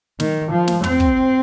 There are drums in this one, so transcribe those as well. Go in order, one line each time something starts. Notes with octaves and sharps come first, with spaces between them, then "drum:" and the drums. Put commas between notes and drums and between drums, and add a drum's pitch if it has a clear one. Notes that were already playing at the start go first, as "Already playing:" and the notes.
D#3, drum: snare
F3
drum: snare
C4, drum: tom
drum: kick